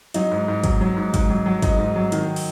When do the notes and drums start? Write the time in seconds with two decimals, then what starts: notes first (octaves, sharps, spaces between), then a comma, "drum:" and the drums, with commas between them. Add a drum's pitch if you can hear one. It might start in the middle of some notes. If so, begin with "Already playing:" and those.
0.14 F#3 D#4, drum: hi-hat
0.31 G#2
0.48 G#2
0.64 F#3, drum: kick, hi-hat
0.81 F#3
0.97 G#2
1.14 G#2, drum: kick, hi-hat
1.30 F#3
1.46 F#3
1.62 G#2 D#4, drum: kick, hi-hat
1.79 G#2
1.96 F#3
2.12 D#3, drum: hi-hat
2.36 drum: open hi-hat